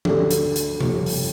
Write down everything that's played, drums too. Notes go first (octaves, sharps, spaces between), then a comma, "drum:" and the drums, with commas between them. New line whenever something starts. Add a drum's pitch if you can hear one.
D2 D3 A3 D4 G4 A4, drum: tom F3
drum: hi-hat
drum: hi-hat
G1 F2 C3, drum: tom C3
drum: open hi-hat